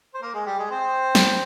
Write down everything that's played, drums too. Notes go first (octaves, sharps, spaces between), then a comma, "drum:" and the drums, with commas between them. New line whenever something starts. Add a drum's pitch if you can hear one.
C5
A#3 A#4
G#3 G#4
G3 G4
G#3 G#4
C4 C5
drum: snare